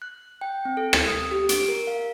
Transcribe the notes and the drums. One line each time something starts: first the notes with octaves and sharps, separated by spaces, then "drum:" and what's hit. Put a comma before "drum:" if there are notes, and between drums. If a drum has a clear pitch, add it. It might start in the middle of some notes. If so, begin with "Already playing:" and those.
F#6
G5
C4
A4
B3, drum: rim click
D#6
G4
D7, drum: hi-hat
A#4
F5